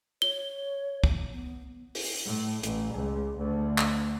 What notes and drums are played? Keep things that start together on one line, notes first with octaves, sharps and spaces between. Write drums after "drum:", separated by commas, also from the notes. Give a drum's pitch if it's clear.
C#5 G7
drum: kick
B3
drum: open hi-hat
A2
A1, drum: hi-hat
C#2
D2
drum: clap